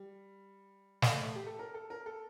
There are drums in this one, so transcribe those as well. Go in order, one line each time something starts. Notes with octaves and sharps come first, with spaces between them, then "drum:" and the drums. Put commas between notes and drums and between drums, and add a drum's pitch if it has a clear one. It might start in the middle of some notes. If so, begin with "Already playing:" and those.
Already playing: G3
drum: snare
A3
A3
G4
A4
A#4
A4
A#4
A4